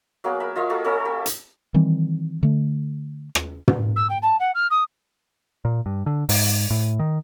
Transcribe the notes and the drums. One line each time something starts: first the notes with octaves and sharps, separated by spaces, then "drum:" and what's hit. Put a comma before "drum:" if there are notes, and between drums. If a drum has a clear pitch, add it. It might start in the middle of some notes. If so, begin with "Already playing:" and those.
F#3 A#3 B3 G#4
A#4 E5 B5
F4 D#5 E5 C#6
A#3 F#4 G#4 A4
A#3 C#4 A4 E6
G4
drum: hi-hat
D#3 E3 G3 C4
D3 A3
drum: rim click
drum: tom
E6
G5
A5
F#5
F6
D#6
A#2
G2
D3
G#2, drum: open hi-hat
A2
D#3